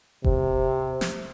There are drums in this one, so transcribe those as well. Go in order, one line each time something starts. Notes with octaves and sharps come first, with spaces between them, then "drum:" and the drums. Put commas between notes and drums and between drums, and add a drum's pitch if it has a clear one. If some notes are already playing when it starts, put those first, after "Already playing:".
C3, drum: kick F1
drum: snare